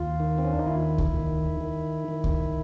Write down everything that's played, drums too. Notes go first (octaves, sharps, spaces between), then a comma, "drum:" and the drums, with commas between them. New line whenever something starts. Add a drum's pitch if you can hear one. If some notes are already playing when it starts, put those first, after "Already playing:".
Already playing: D#2 F4
D#3
C4
C#4
D4
D#4
D#2 E4
drum: kick C#2
D#3
D#3
D#3
drum: kick C#2